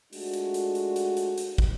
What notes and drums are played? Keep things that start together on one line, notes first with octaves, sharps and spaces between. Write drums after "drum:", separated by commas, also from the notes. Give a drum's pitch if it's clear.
G#3 A3 D4 F4 F#4, drum: open hi-hat
drum: hi-hat
drum: hi-hat
drum: hi-hat
drum: hi-hat
drum: hi-hat
drum: hi-hat
drum: kick